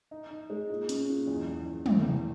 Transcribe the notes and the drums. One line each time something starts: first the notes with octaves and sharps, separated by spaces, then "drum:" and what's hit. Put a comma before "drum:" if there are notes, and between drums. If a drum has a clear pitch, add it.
D#4
D#4
G#3
A#2
C#4, drum: hi-hat
A#2
E2
E2
E2
E2, drum: tom
E2